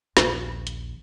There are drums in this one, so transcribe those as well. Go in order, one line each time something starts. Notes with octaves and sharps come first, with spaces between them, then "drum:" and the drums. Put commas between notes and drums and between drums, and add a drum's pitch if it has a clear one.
A#1 D#2, drum: snare
drum: hi-hat